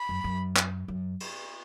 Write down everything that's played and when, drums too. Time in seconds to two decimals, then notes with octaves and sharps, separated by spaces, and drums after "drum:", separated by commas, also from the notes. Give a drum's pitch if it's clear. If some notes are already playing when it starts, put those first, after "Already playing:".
Already playing: B5
0.09 F#2
0.24 F#2
0.57 drum: clap
0.88 F#2
1.20 drum: cymbal